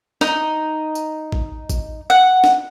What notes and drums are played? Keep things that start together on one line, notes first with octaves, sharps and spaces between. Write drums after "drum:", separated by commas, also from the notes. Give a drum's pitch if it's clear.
D#4, drum: snare
drum: tambourine
drum: kick A1
drum: kick A1, tambourine
F#5
drum: snare